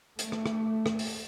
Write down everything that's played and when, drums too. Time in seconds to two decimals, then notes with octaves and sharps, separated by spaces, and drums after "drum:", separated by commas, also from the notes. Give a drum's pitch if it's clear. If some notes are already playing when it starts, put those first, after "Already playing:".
0.19 A3, drum: hi-hat
0.32 drum: rim click
0.46 drum: rim click
0.86 drum: rim click
0.99 drum: open hi-hat